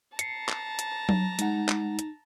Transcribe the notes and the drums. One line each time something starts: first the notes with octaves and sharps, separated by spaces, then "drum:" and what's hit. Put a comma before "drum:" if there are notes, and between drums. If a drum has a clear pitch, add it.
A5 A#5 C7 C#7, drum: hi-hat
drum: clap
drum: hi-hat
drum: tom F#3
G#3 D#4 F#5, drum: hi-hat
drum: clap
drum: hi-hat